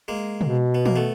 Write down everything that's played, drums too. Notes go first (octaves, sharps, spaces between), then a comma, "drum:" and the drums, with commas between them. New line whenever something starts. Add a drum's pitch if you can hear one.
G#3 A#3
B2, drum: tom
B3
A#3, drum: tom
A3 B3